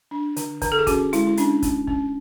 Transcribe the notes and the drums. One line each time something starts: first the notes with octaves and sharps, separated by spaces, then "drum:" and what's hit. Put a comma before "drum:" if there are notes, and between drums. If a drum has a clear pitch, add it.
D4
D3, drum: hi-hat
D3, drum: kick C#1, hi-hat
A4
G#4
C#4 F#4, drum: kick C#1, hi-hat
G#3 E4, drum: hi-hat
E4
C#4 D4, drum: hi-hat
C#4, drum: kick C#1, hi-hat
C#4, drum: kick C#1